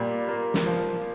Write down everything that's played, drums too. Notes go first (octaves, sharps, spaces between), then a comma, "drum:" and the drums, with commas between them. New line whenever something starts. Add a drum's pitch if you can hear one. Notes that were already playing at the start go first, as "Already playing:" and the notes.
Already playing: A#2 G3
A#3
drum: snare
F3